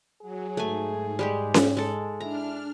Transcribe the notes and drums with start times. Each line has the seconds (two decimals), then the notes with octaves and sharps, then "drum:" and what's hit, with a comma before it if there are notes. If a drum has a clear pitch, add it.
0.22 F#3 G#4
0.57 G#2 A3 G#5
1.19 G3 G#3 G4
1.54 drum: snare C#4
1.77 G#3 A4
2.21 D4 E4 A#5 F6